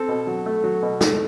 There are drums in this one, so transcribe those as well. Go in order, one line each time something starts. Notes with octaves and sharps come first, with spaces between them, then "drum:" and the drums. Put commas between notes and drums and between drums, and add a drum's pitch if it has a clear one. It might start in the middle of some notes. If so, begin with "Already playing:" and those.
Already playing: C4 A4
B2
F#3
A3
F#3
B2
A3, drum: snare